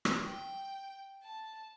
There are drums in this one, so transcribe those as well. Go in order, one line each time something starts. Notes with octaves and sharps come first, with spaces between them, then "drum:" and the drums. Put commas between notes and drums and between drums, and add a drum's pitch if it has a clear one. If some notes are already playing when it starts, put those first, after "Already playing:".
drum: rim click
G5
A5